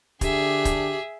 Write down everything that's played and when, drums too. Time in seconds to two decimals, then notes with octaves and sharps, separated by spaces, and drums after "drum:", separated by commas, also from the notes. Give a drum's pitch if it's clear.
0.21 D3 D4 G4 G#4 E5, drum: kick, hi-hat
0.65 drum: kick, hi-hat